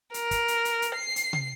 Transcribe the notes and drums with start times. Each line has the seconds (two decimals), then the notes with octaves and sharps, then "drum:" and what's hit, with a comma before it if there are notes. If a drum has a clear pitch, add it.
0.14 A#4, drum: hi-hat
0.31 drum: kick, hi-hat
0.48 drum: hi-hat
0.65 drum: hi-hat
0.82 drum: hi-hat
0.95 C7
1.16 drum: hi-hat
1.33 drum: tom